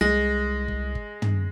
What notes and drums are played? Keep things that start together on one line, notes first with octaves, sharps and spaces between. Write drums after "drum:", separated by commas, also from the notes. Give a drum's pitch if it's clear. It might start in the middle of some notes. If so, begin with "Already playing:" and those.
C2 G#3 A#6
drum: kick
drum: kick
drum: tom